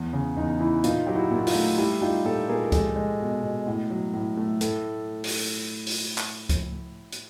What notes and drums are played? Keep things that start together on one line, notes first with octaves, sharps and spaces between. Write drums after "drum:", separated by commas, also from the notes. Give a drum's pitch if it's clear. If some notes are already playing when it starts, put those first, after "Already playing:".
Already playing: E2
C#3
E2 D#4
E3 E4
A#2 D#4 F4, drum: hi-hat
F#3 G4
E4 F#4
A#2
F#4
D#4 F4, drum: open hi-hat
A3
G3 E4
G3 D#4 F4
A#2 G4 A4
A#2 G#4 A#4
A#4
G#3 G4 A4, drum: kick C#2, hi-hat
G#3
B2
B2
A2
F#3
A2
A3
A2 A4, drum: hi-hat
drum: open hi-hat
drum: open hi-hat
drum: clap
drum: kick C#2, hi-hat
drum: hi-hat